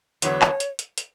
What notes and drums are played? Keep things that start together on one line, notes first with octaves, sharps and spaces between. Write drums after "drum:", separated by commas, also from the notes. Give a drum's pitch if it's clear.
E2 D3 F#3 B3 C#5, drum: hi-hat
drum: clap
drum: hi-hat
drum: hi-hat
drum: hi-hat